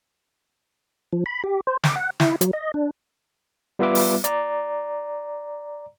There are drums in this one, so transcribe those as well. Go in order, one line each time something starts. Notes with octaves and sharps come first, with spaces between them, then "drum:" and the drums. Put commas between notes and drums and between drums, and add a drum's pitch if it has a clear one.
F3
B5
G4
C5
D6, drum: snare
F#5
E4, drum: snare
F#3, drum: hi-hat
D#5
D4
G3 B3 F4 B4 E5 D6
drum: open hi-hat
D5 A#5, drum: hi-hat